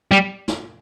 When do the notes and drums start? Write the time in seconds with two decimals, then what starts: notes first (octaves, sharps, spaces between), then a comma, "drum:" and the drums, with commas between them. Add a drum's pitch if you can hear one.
0.12 G3
0.48 drum: snare